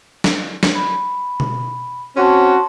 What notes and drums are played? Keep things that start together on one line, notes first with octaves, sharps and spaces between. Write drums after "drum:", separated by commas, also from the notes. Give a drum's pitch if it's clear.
drum: snare
drum: snare
B5
drum: tom B2
C4 C#4 F#4 A5 C6